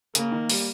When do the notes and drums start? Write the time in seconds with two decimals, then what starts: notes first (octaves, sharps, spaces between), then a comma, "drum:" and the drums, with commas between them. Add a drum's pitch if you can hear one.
0.15 C#3 A#3, drum: hi-hat
0.32 D#3
0.50 G3, drum: open hi-hat